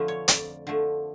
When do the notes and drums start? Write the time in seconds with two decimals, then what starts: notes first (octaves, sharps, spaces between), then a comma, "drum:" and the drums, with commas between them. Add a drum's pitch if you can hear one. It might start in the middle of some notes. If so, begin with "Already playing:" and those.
Already playing: F2 D3 F3 A3 B4
0.08 C#5
0.28 F2 D5, drum: hi-hat
0.67 D3 F3 A3